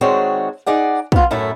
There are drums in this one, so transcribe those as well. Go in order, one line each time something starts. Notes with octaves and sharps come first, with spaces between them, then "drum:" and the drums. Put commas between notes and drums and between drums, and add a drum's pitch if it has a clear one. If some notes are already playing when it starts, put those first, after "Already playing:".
D#3 G#3 C4 D4 F#4 C#5
D#4 G#4 D5 F#5
B3 F4, drum: kick
F#2 A2 A3 E4